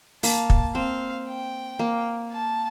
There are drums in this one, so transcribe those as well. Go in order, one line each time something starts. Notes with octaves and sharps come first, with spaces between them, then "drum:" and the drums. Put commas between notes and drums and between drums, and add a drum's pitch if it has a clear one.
A#3 A5, drum: open hi-hat
drum: kick
C4 F5
G5
A#3
A5